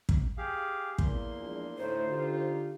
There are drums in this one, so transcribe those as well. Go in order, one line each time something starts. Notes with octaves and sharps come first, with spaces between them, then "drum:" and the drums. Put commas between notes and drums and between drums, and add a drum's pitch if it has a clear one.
drum: kick
G4 G#4 F5
E2 A#3 C6, drum: kick
F3 G#3 D4
D2 A2 D#4 C5
D3 F4 G4